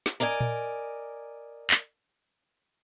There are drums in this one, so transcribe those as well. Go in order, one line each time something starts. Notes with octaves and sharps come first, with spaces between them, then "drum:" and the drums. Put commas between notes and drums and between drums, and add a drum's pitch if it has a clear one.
drum: snare
A#4 D5 D#5 F#5 G#5
drum: tom A#2
drum: clap